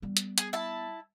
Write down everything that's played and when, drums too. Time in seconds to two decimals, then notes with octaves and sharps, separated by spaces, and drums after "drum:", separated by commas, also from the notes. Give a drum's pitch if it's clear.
0.02 G3 B3
0.17 drum: hi-hat
0.38 G#4, drum: hi-hat
0.53 E4 A5